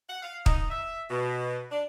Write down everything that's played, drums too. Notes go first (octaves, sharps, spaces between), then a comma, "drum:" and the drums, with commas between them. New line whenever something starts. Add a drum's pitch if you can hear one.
F#5
F5
D#4, drum: kick
E5
B2
D4